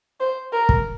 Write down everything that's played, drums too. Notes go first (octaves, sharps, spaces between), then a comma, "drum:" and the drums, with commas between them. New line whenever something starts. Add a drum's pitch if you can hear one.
C5
A#4
drum: kick